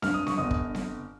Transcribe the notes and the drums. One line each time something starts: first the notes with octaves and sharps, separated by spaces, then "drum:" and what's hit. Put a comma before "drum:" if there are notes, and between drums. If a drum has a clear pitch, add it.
G2 F6, drum: snare C4
D#6
C#6, drum: snare C4
G1 D#5 D#6
drum: kick
drum: snare C4